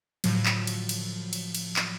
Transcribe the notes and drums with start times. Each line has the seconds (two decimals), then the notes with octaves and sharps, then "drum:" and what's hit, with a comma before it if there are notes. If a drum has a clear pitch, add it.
0.24 A2 D3 F3 F#3, drum: cymbal
0.46 drum: clap
0.67 drum: cymbal
0.89 drum: cymbal
1.33 drum: cymbal
1.55 drum: cymbal
1.76 drum: clap